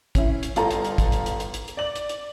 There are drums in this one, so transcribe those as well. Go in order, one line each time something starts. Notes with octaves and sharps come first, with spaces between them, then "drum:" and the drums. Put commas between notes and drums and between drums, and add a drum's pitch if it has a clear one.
C#4 E4, drum: kick, hi-hat
drum: hi-hat
G1 F4 A4 A#5, drum: hi-hat
drum: hi-hat
drum: hi-hat
drum: kick, hi-hat
drum: hi-hat
drum: hi-hat
drum: hi-hat
drum: hi-hat
drum: hi-hat
D5 F#7
drum: hi-hat
drum: hi-hat